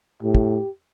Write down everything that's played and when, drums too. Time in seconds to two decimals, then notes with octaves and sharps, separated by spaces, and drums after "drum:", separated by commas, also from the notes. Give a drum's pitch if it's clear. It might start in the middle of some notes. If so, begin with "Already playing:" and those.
0.23 A2 G4
0.35 drum: kick